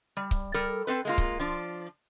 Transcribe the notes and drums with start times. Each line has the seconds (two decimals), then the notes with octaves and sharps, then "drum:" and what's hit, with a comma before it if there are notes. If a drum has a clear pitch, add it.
0.17 G3
0.31 drum: kick C#1
0.54 G3 A4 A#4
0.87 C4 A4 B4
1.05 G#3 A#3 F4
1.18 drum: kick C#1
1.40 F3 D4